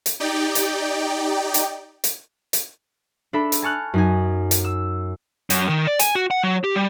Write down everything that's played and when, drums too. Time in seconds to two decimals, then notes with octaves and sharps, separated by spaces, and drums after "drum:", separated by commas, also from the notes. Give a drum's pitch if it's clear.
0.06 drum: hi-hat
0.20 D#4 G4 D5 G5
0.55 drum: hi-hat
1.54 drum: hi-hat
2.04 drum: hi-hat
2.53 drum: hi-hat
3.33 D4 A4 E5 B5
3.52 drum: hi-hat
3.62 G#5 A5 C#6 F6 F#6
3.94 F#2 D#4 G#5
4.51 drum: hi-hat
4.65 E6
5.50 F#2, drum: hi-hat
5.69 D#3
5.87 D5
5.99 G#5, drum: hi-hat
6.15 F#4
6.31 F#5
6.43 F#3
6.64 G4
6.76 G3